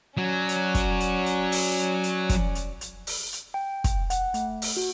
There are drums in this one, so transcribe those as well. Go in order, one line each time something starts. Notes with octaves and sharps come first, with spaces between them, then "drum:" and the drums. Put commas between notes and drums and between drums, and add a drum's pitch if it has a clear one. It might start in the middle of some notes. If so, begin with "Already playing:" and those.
F#3 C#4 D5
drum: hi-hat
drum: kick, hi-hat
drum: hi-hat
drum: hi-hat
drum: open hi-hat
drum: hi-hat
drum: hi-hat
drum: kick, hi-hat
drum: hi-hat
drum: hi-hat
drum: open hi-hat
drum: hi-hat
G5
drum: kick, hi-hat
F#5, drum: hi-hat
A3, drum: hi-hat
drum: open hi-hat
F#4